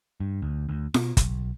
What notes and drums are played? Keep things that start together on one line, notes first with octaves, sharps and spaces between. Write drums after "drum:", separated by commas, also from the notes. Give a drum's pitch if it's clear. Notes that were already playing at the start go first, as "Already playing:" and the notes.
G2
D2
D2
B2, drum: snare F4
B1, drum: kick, hi-hat